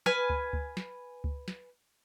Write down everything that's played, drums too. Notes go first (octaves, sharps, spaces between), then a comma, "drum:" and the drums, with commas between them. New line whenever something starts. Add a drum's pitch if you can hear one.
B4 G#5 F6, drum: snare
drum: kick C#2
drum: kick C#2
drum: snare
drum: kick C#2
drum: snare